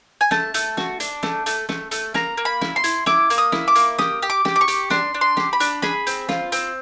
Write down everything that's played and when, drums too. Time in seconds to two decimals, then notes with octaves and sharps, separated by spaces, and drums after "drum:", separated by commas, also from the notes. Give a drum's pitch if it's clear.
0.21 G#5
0.31 A3 A5, drum: snare
0.54 A3, drum: hi-hat
0.77 F#4, drum: snare
1.00 D4, drum: hi-hat
1.23 A3, drum: snare
1.46 A3, drum: hi-hat
1.69 A3, drum: snare
1.91 A3, drum: hi-hat
2.14 A#3 A#5, drum: snare
2.37 A#3
2.45 B5
2.61 E4, drum: snare
2.76 C6
2.84 E4, drum: hi-hat
3.06 E4 D6, drum: snare
3.30 A#3, drum: hi-hat
3.38 D#6
3.52 E4, drum: snare
3.68 D6
3.75 A#3, drum: hi-hat
3.99 G4 D#6, drum: snare
4.22 G4
4.30 D6
4.45 G4, drum: snare
4.56 D6
4.61 C#6
4.68 G4, drum: hi-hat
4.90 D4 C6, drum: snare
5.14 D4
5.21 C6
5.37 G4, drum: snare
5.53 B5
5.60 D4, drum: hi-hat
5.82 G#4 B5, drum: snare
6.07 C4, drum: hi-hat
6.29 F4, drum: snare
6.52 C4, drum: hi-hat